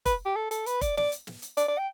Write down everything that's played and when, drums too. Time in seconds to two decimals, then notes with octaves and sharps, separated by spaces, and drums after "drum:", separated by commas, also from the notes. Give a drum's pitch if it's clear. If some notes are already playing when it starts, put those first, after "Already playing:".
0.06 B4, drum: kick F1, hi-hat
0.26 G4
0.36 A4
0.51 A4, drum: hi-hat
0.66 B4, drum: hi-hat
0.81 D5, drum: kick F1, hi-hat
0.97 D5, drum: snare
1.12 drum: hi-hat
1.27 drum: snare
1.42 drum: hi-hat
1.57 D5, drum: hi-hat
1.68 D5
1.78 G5